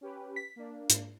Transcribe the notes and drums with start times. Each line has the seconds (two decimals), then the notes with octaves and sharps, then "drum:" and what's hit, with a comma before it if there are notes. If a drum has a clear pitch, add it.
0.01 C#4 G4 B4
0.36 B6
0.56 A#3 D4
0.90 G#2, drum: hi-hat